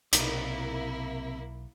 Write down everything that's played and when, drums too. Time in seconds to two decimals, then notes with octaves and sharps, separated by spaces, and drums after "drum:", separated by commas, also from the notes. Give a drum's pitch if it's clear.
0.13 B1 C3 A#3 D#4 E4 D5, drum: hi-hat